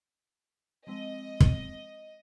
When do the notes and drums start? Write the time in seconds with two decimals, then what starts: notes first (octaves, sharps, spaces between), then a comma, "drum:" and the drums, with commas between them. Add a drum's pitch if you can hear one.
0.87 F3 G#3 C4 D#5
1.40 drum: kick